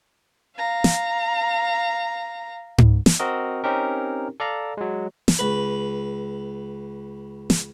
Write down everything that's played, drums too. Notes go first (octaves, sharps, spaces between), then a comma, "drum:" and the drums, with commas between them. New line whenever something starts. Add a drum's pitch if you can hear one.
F5 A#5
drum: snare
drum: tom G#2
drum: snare
C4 F#4 A#4 D#5
C4 C#4 D#4 G4 A#4
A4 D5 F5 A#5
F#3 G#3
drum: snare
C#2 B4
drum: snare